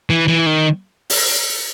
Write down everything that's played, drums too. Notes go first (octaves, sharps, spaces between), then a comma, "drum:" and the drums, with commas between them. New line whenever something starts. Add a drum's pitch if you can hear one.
E3
E3
D#3
drum: open hi-hat